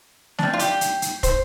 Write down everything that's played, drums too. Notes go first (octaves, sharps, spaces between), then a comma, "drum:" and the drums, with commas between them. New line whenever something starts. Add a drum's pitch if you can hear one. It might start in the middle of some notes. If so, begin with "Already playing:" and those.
G3 D4, drum: snare
F4
G4, drum: hi-hat
drum: hi-hat
drum: hi-hat
C5, drum: kick, hi-hat